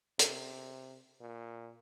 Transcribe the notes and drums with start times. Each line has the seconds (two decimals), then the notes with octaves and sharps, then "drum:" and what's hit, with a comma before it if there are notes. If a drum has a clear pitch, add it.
0.19 C3, drum: hi-hat
1.21 A#2